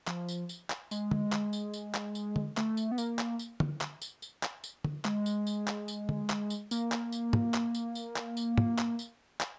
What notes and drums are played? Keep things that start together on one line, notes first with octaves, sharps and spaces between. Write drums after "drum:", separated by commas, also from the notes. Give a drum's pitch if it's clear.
F3, drum: clap
drum: tambourine
drum: tambourine
drum: clap
G#3, drum: tambourine
drum: tom D3
drum: clap
drum: tambourine
drum: tambourine
drum: clap
drum: tambourine
drum: tom D3
A3, drum: clap
drum: tambourine
B3
A#3, drum: tambourine
drum: clap
drum: tambourine
drum: tom D3
drum: clap
drum: tambourine
drum: tambourine
drum: clap
drum: tambourine
drum: tom D3
G#3, drum: clap
drum: tambourine
drum: tambourine
drum: clap
drum: tambourine
drum: tom D3
drum: clap
drum: tambourine
A#3, drum: tambourine
drum: clap
drum: tambourine
drum: tom
drum: clap
drum: tambourine
drum: tambourine
drum: clap
drum: tambourine
drum: tom
drum: clap
drum: tambourine
drum: clap